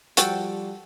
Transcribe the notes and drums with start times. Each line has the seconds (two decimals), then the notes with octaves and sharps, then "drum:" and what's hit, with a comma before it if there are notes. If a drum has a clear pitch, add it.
0.17 F3 G3 F#4 A4 G5, drum: hi-hat